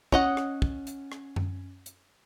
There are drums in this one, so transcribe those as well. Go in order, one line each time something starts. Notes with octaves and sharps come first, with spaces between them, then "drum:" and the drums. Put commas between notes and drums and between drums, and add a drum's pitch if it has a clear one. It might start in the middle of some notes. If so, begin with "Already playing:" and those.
C#4 C#5 D#5 F#5, drum: kick
drum: rim click
drum: kick
drum: hi-hat
drum: rim click
drum: tom F#2
drum: hi-hat